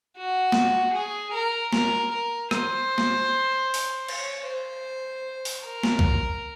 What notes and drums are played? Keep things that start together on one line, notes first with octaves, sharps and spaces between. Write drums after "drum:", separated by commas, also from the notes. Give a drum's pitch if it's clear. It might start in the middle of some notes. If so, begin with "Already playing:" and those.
F#4
drum: snare
G#4
A#4
A#4, drum: snare
A#4
C5, drum: rim click
drum: snare
drum: open hi-hat
C#5, drum: cymbal
C5
drum: open hi-hat
A#4
drum: snare
drum: kick